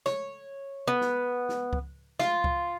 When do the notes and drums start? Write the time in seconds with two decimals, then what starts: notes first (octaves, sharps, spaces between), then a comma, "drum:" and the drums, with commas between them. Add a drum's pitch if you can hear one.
0.06 C#5, drum: snare
0.88 B3
1.01 drum: snare
1.49 drum: snare
1.73 drum: kick C#2
2.19 F4, drum: snare
2.44 drum: kick C#2